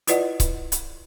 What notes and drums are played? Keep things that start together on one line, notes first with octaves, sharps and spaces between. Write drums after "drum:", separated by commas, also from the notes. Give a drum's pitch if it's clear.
E4 F4 B4 D5 D#5 F#5, drum: hi-hat
drum: kick C#1, hi-hat
drum: hi-hat